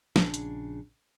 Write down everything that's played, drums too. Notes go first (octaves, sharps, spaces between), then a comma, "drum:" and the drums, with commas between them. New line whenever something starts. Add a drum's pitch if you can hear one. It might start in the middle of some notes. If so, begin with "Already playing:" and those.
A#1 C#3 D4, drum: snare
drum: hi-hat